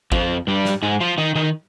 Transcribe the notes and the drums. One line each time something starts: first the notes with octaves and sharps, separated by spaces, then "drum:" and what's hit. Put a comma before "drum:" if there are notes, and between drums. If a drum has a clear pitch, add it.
F2 F3, drum: kick G#1
G2 G3
drum: snare
G#2 G#3
F3 F4
D#3 D#4
D#3 D#4